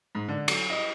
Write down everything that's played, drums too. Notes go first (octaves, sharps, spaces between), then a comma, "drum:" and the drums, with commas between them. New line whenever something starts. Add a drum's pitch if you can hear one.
G#2
D3
F#3, drum: cymbal
D#5